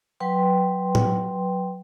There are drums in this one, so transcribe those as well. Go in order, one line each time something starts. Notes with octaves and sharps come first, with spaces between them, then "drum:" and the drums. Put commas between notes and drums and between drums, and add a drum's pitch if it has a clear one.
F#3 B4 G5 C6
drum: tom